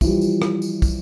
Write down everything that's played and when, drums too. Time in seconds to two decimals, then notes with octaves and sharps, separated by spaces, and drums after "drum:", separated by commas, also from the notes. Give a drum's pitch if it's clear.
0.01 E3 F3 G3, drum: kick, tambourine
0.21 drum: tambourine
0.42 drum: rim click
0.62 drum: tambourine
0.82 drum: kick, tambourine